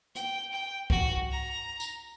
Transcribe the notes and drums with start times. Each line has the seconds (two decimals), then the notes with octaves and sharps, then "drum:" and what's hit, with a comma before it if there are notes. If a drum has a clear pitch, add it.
0.15 G5, drum: hi-hat
0.52 G5
0.90 F#4, drum: kick C2
1.31 A#5
1.80 drum: tambourine